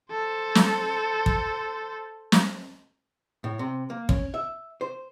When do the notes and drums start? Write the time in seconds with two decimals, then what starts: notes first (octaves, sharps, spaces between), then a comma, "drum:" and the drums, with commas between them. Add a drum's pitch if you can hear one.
0.11 A4 C5
0.55 drum: snare
1.26 drum: kick
2.32 drum: snare
3.44 A2
3.59 C3
3.90 A#3
4.09 C#4, drum: kick
4.34 E5
4.81 C5